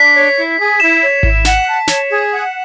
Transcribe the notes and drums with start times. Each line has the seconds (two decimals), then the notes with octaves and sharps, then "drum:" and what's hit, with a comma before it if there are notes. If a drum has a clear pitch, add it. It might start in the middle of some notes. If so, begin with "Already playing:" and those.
Already playing: D4 B6
0.15 C#5
0.37 E4
0.59 G#4
0.80 E4 E7
1.02 C#5
1.23 E4, drum: kick G#1
1.45 F#5, drum: snare
1.67 A5
1.87 C#5, drum: snare
2.09 G#4
2.31 F#5